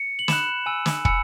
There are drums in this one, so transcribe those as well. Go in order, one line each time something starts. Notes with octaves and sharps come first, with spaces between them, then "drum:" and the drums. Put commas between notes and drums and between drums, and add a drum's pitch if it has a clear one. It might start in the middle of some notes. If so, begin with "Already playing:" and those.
Already playing: C#7
F#7
B5 F#6 E7, drum: snare
G#5 E6
drum: snare
G#5 B5 E6 C#7, drum: kick